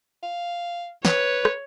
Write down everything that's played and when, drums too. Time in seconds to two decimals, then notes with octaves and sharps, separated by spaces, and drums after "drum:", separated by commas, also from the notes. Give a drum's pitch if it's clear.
0.23 F5
1.05 B4 C#5, drum: snare
1.45 drum: rim click